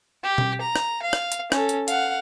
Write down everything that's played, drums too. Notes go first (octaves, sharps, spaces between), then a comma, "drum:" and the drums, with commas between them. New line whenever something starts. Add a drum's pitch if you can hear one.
G4
drum: tom B2
A#5
drum: rim click
F5
drum: rim click
drum: hi-hat
C#4 A4, drum: rim click
drum: hi-hat
F5 F#5, drum: hi-hat